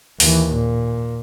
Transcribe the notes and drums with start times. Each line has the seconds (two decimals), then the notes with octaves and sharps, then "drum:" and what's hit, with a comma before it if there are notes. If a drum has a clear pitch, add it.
0.20 D#2 E3, drum: open hi-hat
0.53 A#2